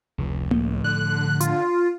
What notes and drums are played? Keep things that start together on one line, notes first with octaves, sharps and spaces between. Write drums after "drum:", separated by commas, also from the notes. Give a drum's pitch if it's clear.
F1 C#2
A2 F3 A3, drum: tom A#3
D3 F#6
F4, drum: hi-hat